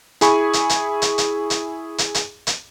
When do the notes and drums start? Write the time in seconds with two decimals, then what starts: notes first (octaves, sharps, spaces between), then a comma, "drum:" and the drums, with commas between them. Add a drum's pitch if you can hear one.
0.21 E4 G#4 G#5 B5 C#6, drum: hi-hat
0.53 drum: hi-hat
0.69 drum: hi-hat
1.02 drum: hi-hat
1.18 drum: hi-hat
1.50 drum: hi-hat
1.98 drum: hi-hat
2.14 drum: hi-hat
2.47 drum: hi-hat